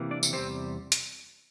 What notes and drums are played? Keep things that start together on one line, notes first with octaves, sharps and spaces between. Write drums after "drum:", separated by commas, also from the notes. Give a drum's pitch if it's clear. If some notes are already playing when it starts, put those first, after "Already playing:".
Already playing: C3 E3 A#3
D4 D5
drum: tambourine
E2 C3 E3 G3 C4 C5
drum: hi-hat